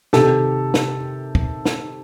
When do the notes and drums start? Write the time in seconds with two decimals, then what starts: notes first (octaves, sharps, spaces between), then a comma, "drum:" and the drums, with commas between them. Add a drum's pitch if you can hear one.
0.13 C3 D#3 G4 A4, drum: snare
0.74 drum: snare
1.35 drum: kick
1.65 drum: snare